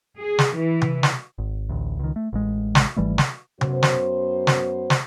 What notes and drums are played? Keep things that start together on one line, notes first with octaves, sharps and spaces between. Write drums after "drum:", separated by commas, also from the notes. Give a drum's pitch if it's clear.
G#4
drum: snare
E3
drum: tom C3
drum: snare
G#1
A1 D2
C#2 D#3
A3
A1 G#3
drum: snare
G#1 E3 G3 A3
drum: snare
F#2 B3 F#4 C5, drum: tom C3
drum: snare
drum: snare
drum: snare